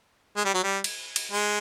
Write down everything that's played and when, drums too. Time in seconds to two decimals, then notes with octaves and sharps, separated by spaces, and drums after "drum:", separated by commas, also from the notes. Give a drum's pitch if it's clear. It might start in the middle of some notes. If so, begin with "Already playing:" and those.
0.37 G#3
0.45 G3
0.54 F#3
0.63 G3
0.84 drum: cymbal
1.16 drum: cymbal
1.32 G#3